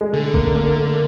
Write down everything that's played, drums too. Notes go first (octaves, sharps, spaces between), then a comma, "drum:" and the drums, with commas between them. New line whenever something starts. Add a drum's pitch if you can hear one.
G#3
D3 A3
A#3, drum: kick
A#3
A3